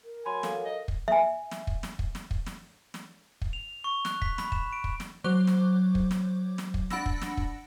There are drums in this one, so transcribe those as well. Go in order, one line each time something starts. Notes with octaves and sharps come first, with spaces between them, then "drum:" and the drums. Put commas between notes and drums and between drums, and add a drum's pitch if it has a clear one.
A#4
F#3 G#5 B5 C6
A4 F5, drum: snare
D#5
drum: kick
E5 G#5
drum: snare
drum: kick
drum: snare
drum: kick
drum: snare
drum: kick
drum: snare
drum: snare
drum: kick
F7
C#6
F#6, drum: snare
B6, drum: kick
B5, drum: snare
E7, drum: kick
D7
drum: kick
drum: snare
F#3 C5 D6
drum: snare
drum: kick
drum: snare
drum: snare
drum: kick
D4 F#5 B5 E6 A#6, drum: snare
drum: kick
drum: snare
drum: kick